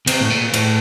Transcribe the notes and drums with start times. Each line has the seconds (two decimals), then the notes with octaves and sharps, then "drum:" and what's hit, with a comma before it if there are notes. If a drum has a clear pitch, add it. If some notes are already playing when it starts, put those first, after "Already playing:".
0.07 C3, drum: cymbal
0.21 A2
0.30 A#2
0.54 A2, drum: cymbal